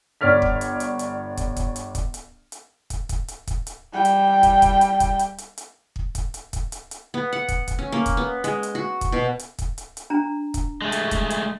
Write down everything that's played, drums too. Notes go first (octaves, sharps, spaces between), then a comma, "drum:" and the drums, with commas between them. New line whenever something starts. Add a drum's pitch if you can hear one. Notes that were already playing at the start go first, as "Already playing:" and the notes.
G1 C#5 D5 F6 B6
drum: kick
drum: hi-hat
drum: hi-hat
drum: hi-hat
drum: kick, hi-hat
drum: kick, hi-hat
drum: hi-hat
drum: kick, hi-hat
drum: hi-hat
drum: hi-hat
drum: kick, hi-hat
drum: kick, hi-hat
drum: hi-hat
drum: kick, hi-hat
drum: hi-hat
G3 G5
drum: hi-hat
drum: kick, hi-hat
drum: kick, hi-hat
drum: hi-hat
drum: kick, hi-hat
drum: hi-hat
drum: hi-hat
drum: hi-hat
drum: kick
drum: kick, hi-hat
drum: hi-hat
drum: kick, hi-hat
drum: hi-hat
drum: hi-hat
B3
F#5
drum: kick, hi-hat
drum: kick, hi-hat
C#4
A#3
drum: kick, hi-hat
B3
G#3, drum: hi-hat
drum: hi-hat
F#4
drum: kick, hi-hat
B2
drum: hi-hat
drum: kick, hi-hat
drum: hi-hat
drum: hi-hat
D4 A#5
drum: kick, hi-hat
G#3 A3
drum: hi-hat
drum: kick, hi-hat
drum: hi-hat